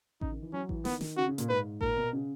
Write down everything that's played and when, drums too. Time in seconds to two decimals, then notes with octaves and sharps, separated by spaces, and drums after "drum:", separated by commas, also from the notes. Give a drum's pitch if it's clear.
0.21 C#3 D#4, drum: kick A1
0.31 D#3
0.42 E3
0.53 F#3 C#4
0.69 E3, drum: kick A1
0.85 D#3 B3, drum: snare
1.01 D#3, drum: snare
1.17 C#3 F#4
1.28 C#3
1.38 A#2, drum: hi-hat
1.49 G#2 B4
1.81 A#2 A#4, drum: kick A1
1.97 B2
2.13 C#3